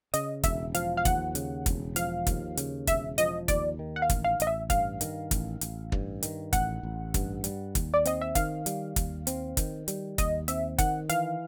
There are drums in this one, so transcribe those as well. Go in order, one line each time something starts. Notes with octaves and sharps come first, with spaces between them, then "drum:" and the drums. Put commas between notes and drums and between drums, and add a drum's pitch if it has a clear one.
C#3 D#5, drum: hi-hat
E1 E5, drum: kick, hi-hat
F3 F5, drum: hi-hat
F5
D#2 F#5, drum: kick, hi-hat
C#3, drum: hi-hat
E1, drum: kick, hi-hat
F3 F5, drum: hi-hat
D#2, drum: kick, hi-hat
C#3, drum: hi-hat
E1 E5, drum: kick, hi-hat
F3 D#5, drum: hi-hat
D#2 D5, drum: kick, hi-hat
D#3
F#5
F5
A1, drum: kick, hi-hat
F5
A1 D#5, drum: hi-hat
E5
G2 F5, drum: kick, hi-hat
D#3, drum: hi-hat
A1, drum: kick, hi-hat
A1, drum: hi-hat
G2, drum: kick
D#3, drum: hi-hat
A1 F#5, drum: kick, hi-hat
A1
G2, drum: kick, hi-hat
G3, drum: hi-hat
D#2, drum: kick, hi-hat
D5
C4 D#5, drum: hi-hat
E5
D#3 F5, drum: kick, hi-hat
G3, drum: hi-hat
D#2, drum: kick, hi-hat
C4, drum: hi-hat
D#3, drum: kick, hi-hat
G3, drum: hi-hat
D#2 D#5, drum: kick, hi-hat
C4 E5, drum: hi-hat
D#3 F#5, drum: kick, hi-hat
E3 F5, drum: hi-hat